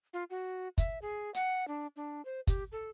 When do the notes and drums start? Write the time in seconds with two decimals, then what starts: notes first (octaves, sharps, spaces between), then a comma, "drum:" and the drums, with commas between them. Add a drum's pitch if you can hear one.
0.13 F4
0.30 F#4
0.78 E5, drum: kick, hi-hat
1.02 G#4
1.35 F#5, drum: hi-hat
1.68 D4
1.96 D4
2.25 C5
2.47 G4, drum: kick, hi-hat
2.72 A4